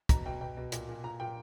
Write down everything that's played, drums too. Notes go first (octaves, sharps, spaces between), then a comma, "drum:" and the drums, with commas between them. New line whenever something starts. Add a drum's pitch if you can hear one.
B2 A#5, drum: kick, hi-hat
B2 G5
B2 G5
B2
A#2, drum: hi-hat
A#2
A#2 A#5
A#2 G5